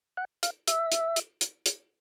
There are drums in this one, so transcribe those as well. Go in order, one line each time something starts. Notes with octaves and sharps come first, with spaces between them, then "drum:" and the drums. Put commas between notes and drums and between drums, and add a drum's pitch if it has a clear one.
F#5
F5, drum: hi-hat
E5, drum: hi-hat
drum: hi-hat
drum: hi-hat
drum: hi-hat
drum: hi-hat